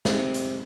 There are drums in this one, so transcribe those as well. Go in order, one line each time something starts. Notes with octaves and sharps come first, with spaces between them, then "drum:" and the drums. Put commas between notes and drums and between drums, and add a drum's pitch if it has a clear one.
C3, drum: snare
drum: hi-hat